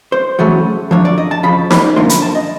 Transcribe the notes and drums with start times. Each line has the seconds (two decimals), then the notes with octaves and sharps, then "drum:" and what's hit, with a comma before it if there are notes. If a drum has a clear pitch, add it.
0.12 C5
0.39 E2 C#3 F#3 A3 C#4
0.91 F#2 D3 F3 C#5
1.05 D5
1.18 D#5
1.31 A5
1.43 F2 C#3 F3 B5
1.71 B5, drum: snare D#4
1.96 F#2 D3 F3 A#3 C#4 C6
2.09 B5, drum: hi-hat
2.22 A5
2.35 D#5